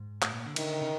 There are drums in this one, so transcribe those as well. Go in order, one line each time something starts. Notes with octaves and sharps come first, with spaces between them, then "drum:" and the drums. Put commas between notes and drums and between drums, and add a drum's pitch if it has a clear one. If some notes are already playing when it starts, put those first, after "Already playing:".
Already playing: G#2
A2, drum: clap
A#2
D3
D3 D#3, drum: cymbal
C#3